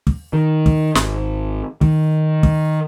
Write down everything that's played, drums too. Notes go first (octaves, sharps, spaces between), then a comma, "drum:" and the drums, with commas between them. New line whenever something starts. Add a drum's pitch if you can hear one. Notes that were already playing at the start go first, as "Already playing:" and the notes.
drum: kick
D#3
drum: kick
G#1, drum: snare
D#3, drum: kick
drum: kick